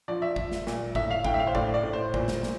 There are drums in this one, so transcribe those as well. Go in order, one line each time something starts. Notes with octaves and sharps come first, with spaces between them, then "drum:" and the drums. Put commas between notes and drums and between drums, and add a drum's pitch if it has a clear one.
F3 D5
E5
F3, drum: kick G1
drum: snare
A#2, drum: snare
A2 E5, drum: kick G1
F5
A2 G5, drum: kick G1
E5
F5
C5
A2 D5, drum: kick G1
D5
A2
C5
A#2, drum: kick G1
drum: snare
A#2, drum: snare